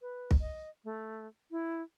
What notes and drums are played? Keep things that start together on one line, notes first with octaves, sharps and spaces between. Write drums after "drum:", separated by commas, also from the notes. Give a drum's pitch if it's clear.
B4
drum: kick
D#5
A3
E4